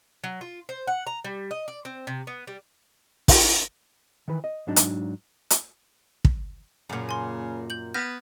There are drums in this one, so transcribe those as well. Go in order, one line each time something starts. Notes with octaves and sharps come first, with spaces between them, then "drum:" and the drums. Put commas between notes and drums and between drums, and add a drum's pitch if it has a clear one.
F#3
F4
C5
F#5
A#5
G3
D#5
D5
C4
C3
B3
G3
drum: kick, open hi-hat
D#3 E3 B4
D#5
G#2 F#3 D4 D#4
drum: hi-hat
drum: hi-hat
drum: kick
F#2 A#2 C#3
G#5 C6
G6 F#7
B3 F6 G6 A#6